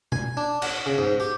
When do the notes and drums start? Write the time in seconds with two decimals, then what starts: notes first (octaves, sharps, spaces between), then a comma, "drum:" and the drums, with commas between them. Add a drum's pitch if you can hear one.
0.12 G#5, drum: tom B2
0.37 D4
0.62 F#5, drum: cymbal
0.86 C#3
0.98 G#2
1.20 G4